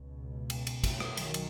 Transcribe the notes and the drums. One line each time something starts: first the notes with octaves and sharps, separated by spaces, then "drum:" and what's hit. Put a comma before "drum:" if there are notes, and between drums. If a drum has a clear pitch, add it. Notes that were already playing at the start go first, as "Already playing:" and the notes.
Already playing: C#2 B2
drum: cymbal
drum: cymbal
drum: kick, cymbal
drum: rim click
B1 D#3 F#3, drum: cymbal
drum: cymbal